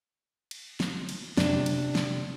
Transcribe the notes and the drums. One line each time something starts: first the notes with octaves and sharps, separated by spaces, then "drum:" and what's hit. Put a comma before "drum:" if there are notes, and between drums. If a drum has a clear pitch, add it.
drum: cymbal
drum: snare
drum: cymbal
C3 D4, drum: snare
drum: cymbal
drum: snare